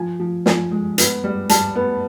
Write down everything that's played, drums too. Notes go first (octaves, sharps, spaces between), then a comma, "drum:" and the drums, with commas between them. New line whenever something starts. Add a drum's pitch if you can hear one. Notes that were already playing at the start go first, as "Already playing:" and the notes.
Already playing: F3 G#5
F3
F3 G#5, drum: snare
G#3
B3, drum: hi-hat
G3
G3 A5, drum: hi-hat
B3